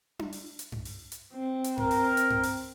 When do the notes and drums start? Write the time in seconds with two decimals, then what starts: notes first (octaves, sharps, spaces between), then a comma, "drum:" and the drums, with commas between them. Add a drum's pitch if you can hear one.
0.19 drum: tom D4
0.33 drum: open hi-hat
0.59 drum: hi-hat
0.72 drum: tom G2
0.85 drum: open hi-hat
1.12 drum: hi-hat
1.33 C4
1.64 drum: hi-hat
1.78 A#4, drum: tom G2
1.91 drum: open hi-hat
2.17 drum: hi-hat
2.30 drum: tom G2
2.43 drum: open hi-hat